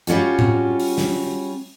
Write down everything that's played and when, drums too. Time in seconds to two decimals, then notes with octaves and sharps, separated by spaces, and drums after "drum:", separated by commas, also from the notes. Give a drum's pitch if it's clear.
0.07 G3 C#4 F4 F#4, drum: hi-hat
0.39 drum: tom A2
0.80 drum: open hi-hat
0.98 drum: snare